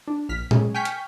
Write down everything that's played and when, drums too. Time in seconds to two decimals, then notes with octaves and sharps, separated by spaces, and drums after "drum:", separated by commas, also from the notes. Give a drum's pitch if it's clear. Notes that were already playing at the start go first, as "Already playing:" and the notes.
0.07 D4
0.29 A#1 F6 B6
0.51 G#3 C#4 G#4, drum: tom A#2
0.74 G5 G#5 C#6 F6 G6 B6
0.85 drum: hi-hat